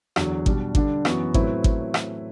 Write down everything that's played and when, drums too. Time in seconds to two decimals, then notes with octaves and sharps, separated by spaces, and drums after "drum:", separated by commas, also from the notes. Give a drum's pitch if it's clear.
0.16 E2 D3 F#3, drum: rim click
0.46 B2 G3 D4, drum: kick G#1
0.75 D3 G3 D4, drum: kick G#1
1.05 F#2 E3 B3 F#4, drum: rim click
1.34 A2 F#3 C4 E4 B4, drum: kick G#1
1.64 drum: kick G#1
1.94 drum: rim click